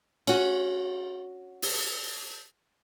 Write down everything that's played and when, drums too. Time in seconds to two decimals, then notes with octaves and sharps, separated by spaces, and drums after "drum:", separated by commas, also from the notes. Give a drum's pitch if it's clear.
0.27 C#4 F#4, drum: cymbal
1.62 drum: open hi-hat